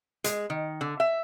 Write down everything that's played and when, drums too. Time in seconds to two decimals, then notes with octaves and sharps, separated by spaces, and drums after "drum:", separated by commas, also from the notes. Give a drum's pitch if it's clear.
0.24 G#3, drum: hi-hat
0.50 D#3
0.81 D3
1.00 E5